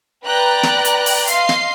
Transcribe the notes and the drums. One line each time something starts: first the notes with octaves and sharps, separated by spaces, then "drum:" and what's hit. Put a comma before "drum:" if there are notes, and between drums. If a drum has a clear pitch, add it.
B4 D5 G5 A#5 F#6
drum: snare
drum: hi-hat
drum: open hi-hat
D#5 F5 C6 C7, drum: hi-hat
drum: snare